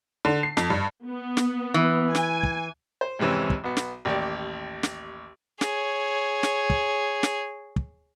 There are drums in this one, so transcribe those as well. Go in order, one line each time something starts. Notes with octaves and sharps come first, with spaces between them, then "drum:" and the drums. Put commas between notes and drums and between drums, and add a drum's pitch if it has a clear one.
D3
C7
F2, drum: snare
G2
B3
drum: snare
E3
G#5, drum: snare
drum: kick
C5
F2 G#2 C3 E3 C#4
drum: kick
B1 B3
drum: snare
A1 D#2 G4 D5
drum: snare
G#4 C#5, drum: snare
drum: snare
drum: kick
drum: snare
drum: kick